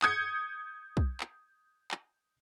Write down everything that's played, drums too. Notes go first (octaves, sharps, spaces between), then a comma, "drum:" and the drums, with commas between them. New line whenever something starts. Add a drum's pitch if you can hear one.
D#6 G6 G#6 C#7, drum: clap
drum: kick
drum: clap
drum: clap